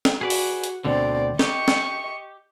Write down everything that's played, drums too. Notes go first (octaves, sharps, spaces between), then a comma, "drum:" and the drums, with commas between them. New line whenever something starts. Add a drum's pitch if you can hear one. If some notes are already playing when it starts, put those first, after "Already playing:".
drum: snare
F#4 G#4 B4 D5
drum: open hi-hat
drum: hi-hat
D2 B2 D3 C4 D5
G4 D#5 C#6, drum: snare
drum: snare